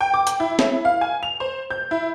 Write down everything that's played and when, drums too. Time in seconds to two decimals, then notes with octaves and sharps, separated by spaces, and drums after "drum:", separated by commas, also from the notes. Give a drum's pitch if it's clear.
0.01 G5
0.14 D6
0.27 G5, drum: hi-hat
0.40 E4
0.59 drum: snare
0.85 F5
1.01 G#5
1.23 F7
1.40 C5
1.71 G6
1.91 E4